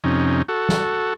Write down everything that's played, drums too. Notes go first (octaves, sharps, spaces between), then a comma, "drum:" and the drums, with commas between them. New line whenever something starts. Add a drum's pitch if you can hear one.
F2 C3 C#4 D#4
F#4 A4
drum: snare